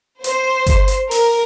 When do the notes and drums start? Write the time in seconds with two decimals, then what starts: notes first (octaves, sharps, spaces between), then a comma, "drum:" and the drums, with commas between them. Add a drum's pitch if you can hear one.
0.24 C5, drum: hi-hat
0.66 drum: kick G1, hi-hat
0.88 drum: hi-hat
1.11 A#4, drum: open hi-hat